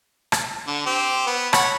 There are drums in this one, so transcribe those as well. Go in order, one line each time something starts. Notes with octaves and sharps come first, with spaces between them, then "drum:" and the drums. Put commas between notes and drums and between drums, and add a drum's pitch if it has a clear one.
drum: rim click
D3
C4 G4
B3
C#5 F#5 B5, drum: rim click